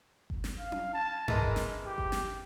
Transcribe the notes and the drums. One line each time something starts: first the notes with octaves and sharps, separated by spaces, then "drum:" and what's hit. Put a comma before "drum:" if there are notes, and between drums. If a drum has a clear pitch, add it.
drum: kick G1
drum: snare
F5
drum: tom C#4
A5
E3 G#3 A#4, drum: tom G2
drum: kick G1
drum: snare
G4
drum: kick G1
drum: snare